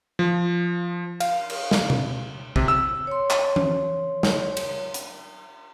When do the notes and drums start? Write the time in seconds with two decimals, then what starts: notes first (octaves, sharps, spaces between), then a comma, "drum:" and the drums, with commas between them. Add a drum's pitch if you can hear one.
0.19 F3
1.20 F5, drum: cymbal
1.50 drum: cymbal
1.71 drum: snare
1.90 drum: tom B2
2.56 C3, drum: kick
2.68 E6
3.07 C#5 C6
3.30 drum: clap
3.56 drum: tom E3
4.23 drum: snare
4.57 drum: cymbal
4.94 drum: hi-hat